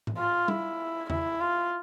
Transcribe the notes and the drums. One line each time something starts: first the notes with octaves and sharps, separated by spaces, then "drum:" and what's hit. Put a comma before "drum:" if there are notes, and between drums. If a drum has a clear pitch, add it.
drum: tom G#2
F4
E4, drum: tom G3
E4, drum: tom E2
F4